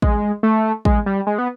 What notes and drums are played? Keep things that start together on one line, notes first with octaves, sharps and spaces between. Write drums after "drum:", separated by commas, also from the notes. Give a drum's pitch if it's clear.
G#3, drum: kick A1
A3
G#3, drum: kick A1
G3
G#3
B3